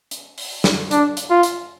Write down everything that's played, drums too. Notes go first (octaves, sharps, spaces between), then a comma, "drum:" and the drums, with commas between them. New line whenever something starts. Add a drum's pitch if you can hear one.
drum: hi-hat
drum: open hi-hat
drum: snare
D4, drum: hi-hat
drum: hi-hat
F4
drum: hi-hat